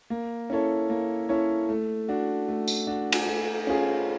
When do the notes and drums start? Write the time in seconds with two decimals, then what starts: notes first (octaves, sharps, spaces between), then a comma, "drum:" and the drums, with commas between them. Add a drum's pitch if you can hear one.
0.10 A#3
0.50 C#4 E4 A4 C#5
0.90 A#3
1.29 C#4 E4 A4 C#5
1.69 A3
2.09 D4 F#4
2.48 A3
2.68 drum: tambourine
2.87 D4 F#4
3.12 drum: cymbal
3.26 A3
3.67 C#4 F4 G#4